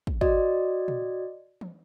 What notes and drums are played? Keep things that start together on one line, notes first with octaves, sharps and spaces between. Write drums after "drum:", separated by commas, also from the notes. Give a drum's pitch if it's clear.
drum: kick
F#4 D5 D#5, drum: kick
drum: tom A#2
drum: tom E3